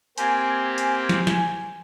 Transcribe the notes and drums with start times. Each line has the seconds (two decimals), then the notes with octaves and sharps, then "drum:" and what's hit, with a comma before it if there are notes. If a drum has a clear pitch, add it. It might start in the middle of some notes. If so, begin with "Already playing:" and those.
0.18 A#3 C4 G4 G#5, drum: hi-hat
0.78 drum: hi-hat
1.09 drum: snare
1.27 drum: snare